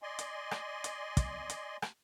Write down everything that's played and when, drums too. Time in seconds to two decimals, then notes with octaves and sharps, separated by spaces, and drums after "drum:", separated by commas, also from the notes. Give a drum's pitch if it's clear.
0.02 D5 D#5 G#5 C6
0.19 drum: hi-hat
0.51 drum: rim click
0.84 drum: hi-hat
1.17 drum: kick, hi-hat
1.50 drum: hi-hat
1.82 drum: rim click